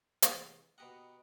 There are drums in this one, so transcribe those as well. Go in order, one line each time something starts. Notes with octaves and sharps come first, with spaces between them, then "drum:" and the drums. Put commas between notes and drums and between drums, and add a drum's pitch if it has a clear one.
C3 E3 G#3, drum: hi-hat
B2 G4 D#5 F#5 A#5 F#6